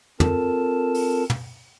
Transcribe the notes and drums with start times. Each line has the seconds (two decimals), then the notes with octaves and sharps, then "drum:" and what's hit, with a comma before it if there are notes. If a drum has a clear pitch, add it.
0.20 C4 F4 A4 A#4 A5, drum: tom
0.94 drum: open hi-hat
1.30 drum: tom